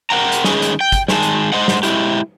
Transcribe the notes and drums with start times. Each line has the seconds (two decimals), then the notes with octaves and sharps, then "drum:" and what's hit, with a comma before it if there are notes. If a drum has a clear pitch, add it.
0.10 A#4 F#5 G5 A#5
0.32 drum: hi-hat
0.44 D#3 G#3 C#4 G#4 B4 D#5, drum: snare
0.62 drum: hi-hat
0.81 G5
0.92 drum: kick, hi-hat
1.08 D#3 G#3 G#4 A5, drum: snare
1.23 drum: hi-hat
1.52 G#3 A3 C5 D#5 F#5
1.68 drum: snare
1.83 G#3 E4 G4, drum: hi-hat